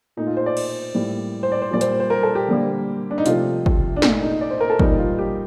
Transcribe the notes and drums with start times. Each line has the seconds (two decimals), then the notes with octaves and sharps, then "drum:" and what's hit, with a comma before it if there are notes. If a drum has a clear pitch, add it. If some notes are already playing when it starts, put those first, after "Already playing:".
0.17 A#2 A3 D#4
0.27 F4
0.37 C5
0.46 D5
0.57 drum: cymbal
0.94 A2 G3 A#3
1.43 C5
1.52 D5
1.62 C5
1.71 A#2 G3 A#3 D5
1.81 C5, drum: hi-hat
2.00 C5
2.10 A#4
2.23 A4
2.35 G4
2.48 D3 G3 A#3
3.11 D4
3.18 D#4
3.26 C3 F3 A3 F4, drum: hi-hat
3.66 drum: kick
3.96 D4
4.02 A#2 A3 D#4, drum: snare
4.22 D#4
4.41 D5
4.50 C5
4.61 A#4
4.70 A4
4.79 A#2 G3 A#3 D#4, drum: kick
4.98 F4
5.19 G4